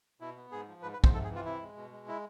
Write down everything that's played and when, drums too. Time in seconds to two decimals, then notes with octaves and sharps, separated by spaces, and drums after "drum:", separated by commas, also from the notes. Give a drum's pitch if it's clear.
0.20 B2 E4
0.36 B3
0.52 G#2 G#4
0.68 F3
0.82 G#2 B4
0.93 B4
0.98 G#2
1.04 C5, drum: kick
1.14 C3 A4
1.24 G#4
1.29 E3
1.35 F4
1.45 C3 E4
1.61 G#3
1.77 B2
1.91 G#3
2.08 E4